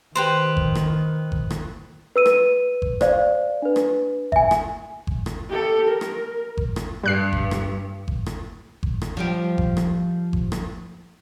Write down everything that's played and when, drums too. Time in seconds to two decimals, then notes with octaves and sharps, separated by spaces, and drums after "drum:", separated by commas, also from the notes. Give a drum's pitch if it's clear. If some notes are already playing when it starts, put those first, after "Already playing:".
0.15 D#3 G4 B4 C5
0.57 drum: kick G1
0.75 drum: rim click
1.32 drum: kick G1
1.50 drum: rim click
2.16 B4 E6 D#7
2.26 drum: rim click
2.82 drum: kick G1
3.01 C5 D5 F5, drum: rim click
3.62 D4 B4
3.76 drum: rim click
4.32 E5 G#5, drum: kick G1
4.51 drum: rim click
5.07 drum: kick G1
5.26 drum: rim click
5.49 G4 A4
5.88 A#4
6.01 drum: rim click
6.57 drum: kick G1
6.76 drum: rim click
7.03 G2 G3 F#6 C7
7.33 drum: kick G1
7.51 drum: rim click
8.08 drum: kick G1
8.26 drum: rim click
8.83 drum: kick G1
9.02 drum: rim click
9.17 F3 G3 G4
9.58 drum: kick G1
9.77 drum: rim click
10.33 drum: kick G1
10.52 drum: rim click